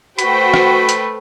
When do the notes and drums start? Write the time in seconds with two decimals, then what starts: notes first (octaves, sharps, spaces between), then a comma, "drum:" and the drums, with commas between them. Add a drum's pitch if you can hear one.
0.19 A3 F#4 B4 C5 G5 B5, drum: hi-hat
0.54 drum: rim click
0.89 drum: hi-hat